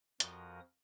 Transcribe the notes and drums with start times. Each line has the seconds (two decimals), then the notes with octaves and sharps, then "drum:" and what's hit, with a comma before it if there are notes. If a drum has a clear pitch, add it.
0.20 F2 F3 F#4 A#4 D#6, drum: hi-hat